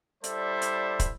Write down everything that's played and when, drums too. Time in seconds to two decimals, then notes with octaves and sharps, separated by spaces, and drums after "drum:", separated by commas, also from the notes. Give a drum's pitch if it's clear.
0.24 G3 E4 A4 C5 D5 E5, drum: hi-hat
0.62 drum: hi-hat
0.99 drum: kick, hi-hat